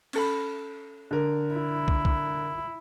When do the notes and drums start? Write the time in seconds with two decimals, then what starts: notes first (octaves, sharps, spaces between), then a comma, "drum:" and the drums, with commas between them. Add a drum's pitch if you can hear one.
0.13 C#4 A4 B5, drum: cymbal
1.11 D3 A#4
1.54 E4
1.88 drum: kick
2.05 drum: kick